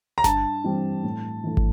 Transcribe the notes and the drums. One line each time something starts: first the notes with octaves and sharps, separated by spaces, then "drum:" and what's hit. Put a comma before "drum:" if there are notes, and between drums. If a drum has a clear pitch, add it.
A#5
G2 A5, drum: snare G1
E3 G3 C4 E4
A2
E3 A3
drum: kick